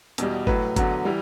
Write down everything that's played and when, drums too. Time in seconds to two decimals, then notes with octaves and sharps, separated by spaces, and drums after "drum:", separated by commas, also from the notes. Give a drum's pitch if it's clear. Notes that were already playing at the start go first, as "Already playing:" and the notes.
0.18 E2 B2 G3, drum: hi-hat
0.47 A2 F#3 B4, drum: kick G1
0.76 E2 D3 F#3, drum: kick G1, hi-hat
1.05 E3 G3